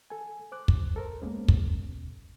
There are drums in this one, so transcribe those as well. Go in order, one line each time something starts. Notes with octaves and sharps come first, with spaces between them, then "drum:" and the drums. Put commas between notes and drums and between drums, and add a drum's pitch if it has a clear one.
A4 G#5
C5 D6 F#6
drum: kick
A4 A#4 C5
G#3 A#3 B3 C#4
drum: kick
B2